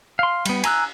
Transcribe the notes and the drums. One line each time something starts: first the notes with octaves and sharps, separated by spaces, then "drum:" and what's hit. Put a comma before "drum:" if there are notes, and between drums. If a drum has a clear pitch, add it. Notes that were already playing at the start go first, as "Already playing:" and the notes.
F5 C6
G3 B3, drum: cymbal
G#5 A#5 E6 F#6, drum: cymbal